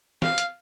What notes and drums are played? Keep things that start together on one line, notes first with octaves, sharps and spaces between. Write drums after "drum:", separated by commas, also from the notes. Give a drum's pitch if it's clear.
F5, drum: snare
drum: hi-hat